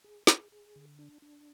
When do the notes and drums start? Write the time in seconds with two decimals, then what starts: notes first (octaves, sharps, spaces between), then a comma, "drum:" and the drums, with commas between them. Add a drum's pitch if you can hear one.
0.04 G#4
0.27 G#4, drum: snare
0.52 G#4
0.76 D3
0.99 D4
1.22 D4